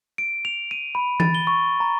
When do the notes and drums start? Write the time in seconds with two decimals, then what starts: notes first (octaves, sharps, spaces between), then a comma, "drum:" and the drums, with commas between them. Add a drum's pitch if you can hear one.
0.18 D7
0.45 F7
0.71 D#7
0.95 B5
1.20 A6, drum: tom E3
1.35 G7
1.47 C#6
1.80 A#5